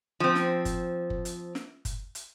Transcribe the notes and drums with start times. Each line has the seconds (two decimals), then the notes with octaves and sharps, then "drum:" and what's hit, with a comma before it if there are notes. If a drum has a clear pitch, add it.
0.20 F3 C4
0.35 drum: snare
0.65 drum: kick F#1, hi-hat
1.10 drum: kick F#1
1.25 drum: hi-hat
1.55 drum: snare
1.85 drum: kick F#1, hi-hat
2.15 drum: hi-hat